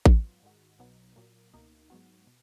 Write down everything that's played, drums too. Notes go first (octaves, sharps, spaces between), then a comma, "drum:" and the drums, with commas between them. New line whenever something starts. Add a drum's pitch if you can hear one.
G#2 F#3 B3 F4, drum: kick A1
G#2 D#3 G#3 D#4 F#4
B1 B2 F#3 B3 D#4
A#2 F#3 A#3
C#2 B2 A#3 D#4
G#2 F#3 B3 F#4
B2